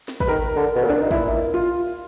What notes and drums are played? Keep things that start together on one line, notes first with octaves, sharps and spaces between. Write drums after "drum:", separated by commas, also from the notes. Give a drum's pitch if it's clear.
drum: snare
B4, drum: kick
D#3 A#4
D3
B2
A#2
D4
D#4
A#2 E4, drum: kick
F4